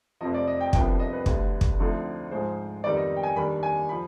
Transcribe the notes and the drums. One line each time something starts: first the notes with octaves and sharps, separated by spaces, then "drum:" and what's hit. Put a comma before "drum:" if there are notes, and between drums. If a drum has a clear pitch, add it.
F1 F2 C3 F3 D#5
D5
D#5
G5
C2 C3 F3 B3 D4 G5, drum: kick
D#5
B4
D2 D3 G3, drum: kick
drum: kick
D2 D3 F3 C4 D#4
G#2 F3 G#3 C5
F2 D#3 G3 B3 D#4 D5
D#5
G5
G#5
D#2 D#3 G3 D4 B5
G#5
F3 B5